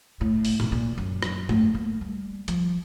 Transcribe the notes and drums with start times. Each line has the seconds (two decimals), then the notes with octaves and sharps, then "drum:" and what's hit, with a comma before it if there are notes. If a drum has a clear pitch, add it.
0.21 A2
0.45 drum: open hi-hat
0.60 B2, drum: tom G#2
0.72 A#2
0.98 F#2
1.22 drum: rim click
1.49 A3, drum: tom G#2
1.75 A#3
2.01 G3
2.48 F3, drum: hi-hat